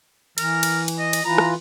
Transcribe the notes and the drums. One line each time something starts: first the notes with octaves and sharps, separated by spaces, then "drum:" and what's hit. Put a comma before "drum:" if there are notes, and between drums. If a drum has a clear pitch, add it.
E3 A#4, drum: cymbal
drum: cymbal
drum: cymbal
D#5
drum: cymbal
E3 F4 B4 A#5
drum: rim click